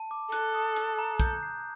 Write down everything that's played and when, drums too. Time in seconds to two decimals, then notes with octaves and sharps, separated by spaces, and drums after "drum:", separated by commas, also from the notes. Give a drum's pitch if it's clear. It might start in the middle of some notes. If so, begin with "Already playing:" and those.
Already playing: A5
0.11 D6
0.32 A4 F#6, drum: hi-hat
0.55 D#6
0.76 F#6, drum: hi-hat
0.99 A#5
1.20 G6, drum: kick, hi-hat
1.43 C7